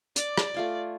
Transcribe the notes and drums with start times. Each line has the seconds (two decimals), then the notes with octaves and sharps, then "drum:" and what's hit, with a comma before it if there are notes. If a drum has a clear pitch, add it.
0.16 D5 D6, drum: hi-hat
0.38 drum: rim click
0.54 A3 F4 G#5